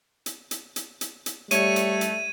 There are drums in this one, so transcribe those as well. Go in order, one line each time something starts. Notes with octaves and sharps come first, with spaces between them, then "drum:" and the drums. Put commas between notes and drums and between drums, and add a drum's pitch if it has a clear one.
drum: hi-hat
drum: hi-hat
drum: hi-hat
drum: hi-hat
drum: hi-hat
G3 A3 C#5 G#6 D#7, drum: hi-hat
drum: hi-hat
drum: hi-hat